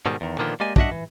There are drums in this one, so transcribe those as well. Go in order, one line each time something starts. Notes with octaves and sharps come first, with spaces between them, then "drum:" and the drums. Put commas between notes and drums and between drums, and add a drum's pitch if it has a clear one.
G#2 B2 D#3 G3
E2 D#3
A#2 D3 D#3 F3 A#3 B3
G#3 A#3 G4 D5 D#5 G#5
D4 F#4 D#5 E5 F#5, drum: kick
E3